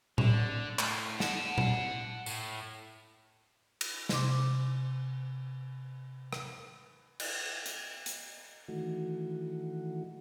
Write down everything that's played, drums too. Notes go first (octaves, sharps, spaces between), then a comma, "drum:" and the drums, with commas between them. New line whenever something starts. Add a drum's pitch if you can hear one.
D3, drum: tom A2
A2, drum: clap
F#5 A5, drum: snare
drum: tom A#2
A2, drum: tambourine
drum: cymbal
C3 C6 D6, drum: snare
drum: rim click
drum: cymbal
drum: hi-hat
drum: hi-hat
D#3 E3 A3 F#4